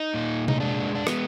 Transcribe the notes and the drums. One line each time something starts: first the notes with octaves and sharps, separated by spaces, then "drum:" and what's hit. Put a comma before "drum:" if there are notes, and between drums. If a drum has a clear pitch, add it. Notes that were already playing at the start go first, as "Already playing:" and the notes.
Already playing: D#4
A#2
D#4, drum: tom C3
G#3 D4
D4
G#3 B3, drum: rim click